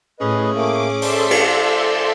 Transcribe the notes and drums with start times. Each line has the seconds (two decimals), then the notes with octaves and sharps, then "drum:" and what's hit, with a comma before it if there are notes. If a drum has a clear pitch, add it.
0.20 A2 C#4 G#4 B4 D#5
0.53 A3 A#3 D6
1.02 A4 C5 D5 E5 A5 C6, drum: open hi-hat
1.31 drum: cymbal